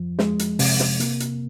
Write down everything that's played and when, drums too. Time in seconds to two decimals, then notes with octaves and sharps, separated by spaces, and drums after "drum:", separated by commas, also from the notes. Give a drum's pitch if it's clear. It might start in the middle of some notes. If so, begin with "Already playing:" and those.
Already playing: F2 F3
0.19 G#3, drum: snare
0.39 drum: hi-hat
0.59 C3, drum: open hi-hat
0.80 drum: snare
1.00 A#3, drum: hi-hat
1.20 drum: hi-hat